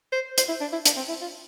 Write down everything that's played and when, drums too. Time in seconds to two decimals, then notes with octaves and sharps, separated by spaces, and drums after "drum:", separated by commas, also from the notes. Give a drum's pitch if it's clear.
0.13 C5
0.38 C5, drum: hi-hat
0.49 E4
0.61 D4
0.73 E4
0.86 D4, drum: hi-hat
0.97 C4
1.09 E4
1.22 F4